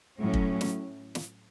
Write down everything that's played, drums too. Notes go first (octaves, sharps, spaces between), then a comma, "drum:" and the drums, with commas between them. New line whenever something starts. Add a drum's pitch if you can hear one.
A2 F#3 C#4
drum: kick
drum: snare
drum: snare